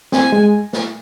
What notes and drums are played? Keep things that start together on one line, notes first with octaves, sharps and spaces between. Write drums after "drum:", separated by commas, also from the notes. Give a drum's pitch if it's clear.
C4 G#5, drum: snare
G#3
drum: snare